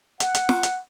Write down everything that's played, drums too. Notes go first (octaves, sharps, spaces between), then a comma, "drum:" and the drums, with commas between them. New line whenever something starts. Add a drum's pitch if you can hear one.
F#5, drum: hi-hat
drum: hi-hat
drum: snare
drum: hi-hat